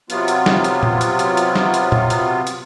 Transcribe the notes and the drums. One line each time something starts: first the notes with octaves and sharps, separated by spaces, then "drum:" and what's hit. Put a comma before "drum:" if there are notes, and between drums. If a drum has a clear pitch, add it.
C3 F#3 B3 F4, drum: hi-hat
drum: hi-hat
drum: snare
drum: hi-hat
drum: tom A#2
drum: hi-hat
drum: hi-hat
drum: hi-hat
drum: snare
drum: hi-hat
drum: tom A#2
drum: hi-hat
drum: hi-hat